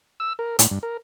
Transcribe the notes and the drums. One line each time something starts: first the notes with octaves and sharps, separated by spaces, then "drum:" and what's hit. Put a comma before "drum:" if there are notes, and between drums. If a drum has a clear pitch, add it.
E6
A#4
A2, drum: hi-hat
G2
A#4